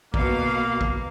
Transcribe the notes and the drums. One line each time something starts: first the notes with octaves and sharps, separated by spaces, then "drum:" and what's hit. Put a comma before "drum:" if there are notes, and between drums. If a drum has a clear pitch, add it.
B2 A#3 F5, drum: kick
drum: kick